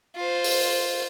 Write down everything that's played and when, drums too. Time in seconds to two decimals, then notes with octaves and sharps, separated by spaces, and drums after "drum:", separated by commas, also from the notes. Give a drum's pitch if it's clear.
0.16 F4 C5
0.44 drum: open hi-hat